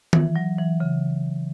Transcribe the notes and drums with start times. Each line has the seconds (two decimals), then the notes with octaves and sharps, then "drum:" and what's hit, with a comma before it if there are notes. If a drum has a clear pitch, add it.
0.13 E3, drum: tom D#3
0.36 F#3
0.58 E3
0.80 C#3